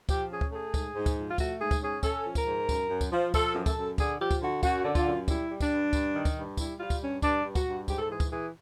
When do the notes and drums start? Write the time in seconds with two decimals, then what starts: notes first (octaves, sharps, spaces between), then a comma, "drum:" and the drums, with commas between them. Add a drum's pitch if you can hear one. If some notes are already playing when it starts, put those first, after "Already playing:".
0.09 F3 G4, drum: kick, tambourine
0.30 C#4 G#4
0.41 drum: kick
0.52 A3 G#4
0.74 G#2, drum: kick, tambourine
0.96 G#2
1.06 drum: kick, tambourine
1.17 F3
1.30 F4
1.38 A3 F#4, drum: kick, tambourine
1.60 G#2 G#4
1.71 drum: kick, tambourine
1.81 C#4 G#4
2.03 C#4 A4, drum: kick, tambourine
2.25 F3
2.35 A#4, drum: kick, tambourine
2.46 G#2
2.69 F#2, drum: kick, tambourine
2.90 F#2
3.01 drum: kick, tambourine
3.12 F3
3.34 F3 A4, drum: kick, tambourine
3.55 F#2
3.66 A4, drum: kick, tambourine
3.77 F#2
3.98 D3 G#4, drum: kick, tambourine
4.20 F3 G4
4.31 drum: kick, tambourine
4.41 D3 F#4
4.63 F#2 F#4, drum: kick, tambourine
4.84 D3
4.95 F4, drum: kick, tambourine
5.07 F#2
5.28 G3 E4, drum: kick, tambourine
5.50 G3
5.60 D4, drum: kick, tambourine
5.71 G2
5.93 G2, drum: kick, tambourine
6.14 D#3
6.25 drum: kick, tambourine
6.36 G2
6.57 G3 E4, drum: kick, tambourine
6.80 G3 F4
6.90 drum: kick, tambourine
7.01 G2 C#4
7.22 G2 D4, drum: kick, tambourine
7.44 G2
7.55 F#4, drum: kick, tambourine
7.66 G2
7.88 G#2 G4, drum: kick, tambourine
7.99 A4
8.09 E3 G#4
8.20 drum: kick, tambourine
8.30 E3 G#4